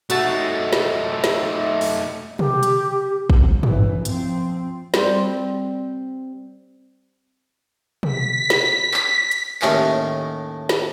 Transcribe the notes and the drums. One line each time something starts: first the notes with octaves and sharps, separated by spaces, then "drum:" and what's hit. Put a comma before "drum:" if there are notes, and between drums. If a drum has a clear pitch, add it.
A3 D#4 F#4 E5 A5, drum: hi-hat
drum: snare
drum: snare
drum: open hi-hat
G4, drum: tom
drum: hi-hat
drum: kick
F#2 E3, drum: tom
F3 C4, drum: hi-hat
G3 C4 C5, drum: snare
B6, drum: tom
drum: snare
drum: clap
drum: hi-hat
D#2 A2 A3 C#4, drum: clap
drum: snare